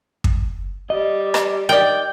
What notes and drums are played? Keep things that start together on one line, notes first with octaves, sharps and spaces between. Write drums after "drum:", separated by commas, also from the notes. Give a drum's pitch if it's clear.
drum: kick
G3 D#5
drum: rim click
D#3 D5 G5